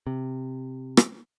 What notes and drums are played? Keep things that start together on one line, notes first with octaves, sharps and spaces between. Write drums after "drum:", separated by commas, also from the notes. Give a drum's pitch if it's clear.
C3
drum: rim click